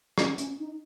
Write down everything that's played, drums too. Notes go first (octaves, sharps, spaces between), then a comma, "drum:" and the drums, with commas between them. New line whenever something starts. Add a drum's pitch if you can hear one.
C#4, drum: rim click
C#4, drum: hi-hat
D#4